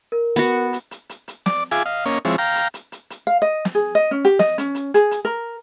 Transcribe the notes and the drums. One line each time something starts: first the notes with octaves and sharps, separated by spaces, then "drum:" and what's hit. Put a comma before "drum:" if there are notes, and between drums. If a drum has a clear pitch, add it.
A#4
B3 F#4
drum: hi-hat
drum: hi-hat
drum: hi-hat
drum: hi-hat
D5 D6, drum: snare
F4 G#4 E5 G#5 D6
D#5 F5
A#3 C#4 C#5 D#5
F3 G#3 C4 E4 C#5
F5 G5 A#5
drum: hi-hat
drum: hi-hat
drum: hi-hat
drum: hi-hat
F5
D#5
drum: snare
G#4
D#5
C#4
G4
D#5, drum: snare
C#4, drum: hi-hat
drum: hi-hat
G#4, drum: hi-hat
drum: hi-hat
A#4